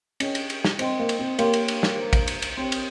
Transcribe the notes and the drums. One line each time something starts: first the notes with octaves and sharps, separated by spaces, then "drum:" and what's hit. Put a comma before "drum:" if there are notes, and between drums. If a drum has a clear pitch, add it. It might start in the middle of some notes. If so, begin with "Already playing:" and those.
C#4 G#4 D#5 G5, drum: cymbal
drum: cymbal
drum: cymbal
drum: snare
C4 C5 D#5 G5 C6, drum: cymbal
A#3
drum: cymbal
C4
A#3 G4 C#5 G5 C6, drum: cymbal
drum: cymbal
drum: cymbal
drum: snare
C5 F5 A#5
drum: kick, cymbal
drum: cymbal
drum: cymbal
C4 G4 C#5 G5 C6
drum: cymbal